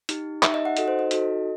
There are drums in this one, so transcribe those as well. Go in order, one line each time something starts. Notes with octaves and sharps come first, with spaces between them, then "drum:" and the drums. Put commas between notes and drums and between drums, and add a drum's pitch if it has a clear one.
D#4 G4, drum: hi-hat
D#4 G4 E5, drum: clap
D#5
F#5
D#4 F#4 A4 D#5, drum: hi-hat
C5
D#5
D#4 F#4 A4, drum: hi-hat